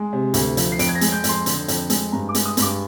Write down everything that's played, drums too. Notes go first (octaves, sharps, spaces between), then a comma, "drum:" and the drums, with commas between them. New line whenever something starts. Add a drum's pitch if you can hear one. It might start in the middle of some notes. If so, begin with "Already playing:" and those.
Already playing: G#3
C3
D2, drum: hi-hat
F3, drum: hi-hat
C7
F2 D7, drum: hi-hat
G#6
A#6
G#3, drum: hi-hat
G6
F2, drum: hi-hat
C6
D3, drum: hi-hat
F2, drum: hi-hat
G#3, drum: hi-hat
G2 A#5
D6
G#3, drum: hi-hat
D#6
G2, drum: hi-hat
D6